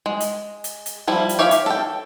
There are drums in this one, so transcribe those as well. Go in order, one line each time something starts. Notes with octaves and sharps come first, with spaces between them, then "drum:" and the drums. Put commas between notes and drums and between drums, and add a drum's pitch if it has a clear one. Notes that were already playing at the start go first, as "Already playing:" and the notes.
G#3
drum: hi-hat
drum: hi-hat
drum: hi-hat
F3 G3 E4
drum: hi-hat
G4 C#5 E5 F5
drum: hi-hat
A4 G5